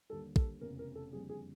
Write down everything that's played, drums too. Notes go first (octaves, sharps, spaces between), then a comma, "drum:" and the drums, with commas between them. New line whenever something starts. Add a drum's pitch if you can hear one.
D#2 D3 G3 A4
A4, drum: kick
F1 E2 C#3 A#4
A#4
A4
F#1 F2 D3 G3 G#4
G#4